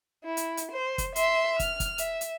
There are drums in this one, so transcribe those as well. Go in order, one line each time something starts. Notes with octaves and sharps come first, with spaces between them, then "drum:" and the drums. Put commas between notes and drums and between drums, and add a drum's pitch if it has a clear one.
E4
drum: hi-hat
drum: hi-hat
C5
drum: kick, hi-hat
E5 C6, drum: hi-hat
F6, drum: kick, hi-hat
drum: kick, hi-hat
E5, drum: hi-hat
drum: hi-hat